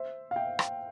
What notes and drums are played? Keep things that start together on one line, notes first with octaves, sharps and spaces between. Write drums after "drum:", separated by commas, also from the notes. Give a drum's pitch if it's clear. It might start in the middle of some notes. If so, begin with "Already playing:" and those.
Already playing: C5 E5
F5
E5 G5
drum: rim click